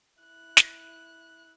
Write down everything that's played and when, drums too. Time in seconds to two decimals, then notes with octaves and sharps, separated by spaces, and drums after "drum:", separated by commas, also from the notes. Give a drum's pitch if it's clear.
0.21 E4 F#6
0.57 drum: snare